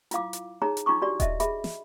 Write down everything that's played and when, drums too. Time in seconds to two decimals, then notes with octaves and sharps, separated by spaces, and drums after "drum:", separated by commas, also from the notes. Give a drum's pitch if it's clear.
0.11 E4 F4 F5 D6, drum: hi-hat
0.33 drum: hi-hat
0.62 D#4 G#4 C#5 A#5
0.77 drum: hi-hat
0.86 D4 D#4 F4 A#5 C#6 D6
1.02 D4 F#4 G4 D5
1.20 D#5 E5, drum: kick D#1, hi-hat
1.40 G#4 E5 B5, drum: hi-hat
1.64 drum: snare